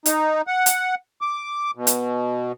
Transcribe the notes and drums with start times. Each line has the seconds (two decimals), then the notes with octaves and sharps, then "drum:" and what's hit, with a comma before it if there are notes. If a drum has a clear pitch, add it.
0.06 D#4, drum: hi-hat
0.47 F#5
0.66 drum: hi-hat
1.21 D6
1.75 B2
1.87 drum: hi-hat